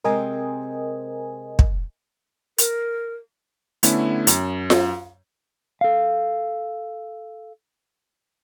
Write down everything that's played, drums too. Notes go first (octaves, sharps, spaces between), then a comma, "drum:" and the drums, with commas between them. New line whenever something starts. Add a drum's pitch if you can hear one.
C3 G#3 C4 A#4 D#5 G#5
drum: kick
A#4, drum: hi-hat
D3 A3 B3 C#4 E4, drum: hi-hat
F#2, drum: hi-hat
drum: snare F4
A4 F5